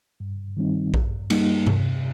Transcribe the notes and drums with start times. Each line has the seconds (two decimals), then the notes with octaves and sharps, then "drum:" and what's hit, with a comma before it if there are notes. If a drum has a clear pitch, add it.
0.20 G2
0.57 D#3 G3 C4 D#4
0.94 G2, drum: kick A#1
1.30 G3 A#3 D#4, drum: cymbal
1.67 C3, drum: tom G2